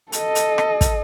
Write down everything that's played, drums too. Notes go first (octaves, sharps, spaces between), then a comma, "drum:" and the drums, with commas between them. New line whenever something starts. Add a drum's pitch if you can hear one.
A4 D#5, drum: hi-hat
drum: hi-hat
drum: rim click
drum: kick, hi-hat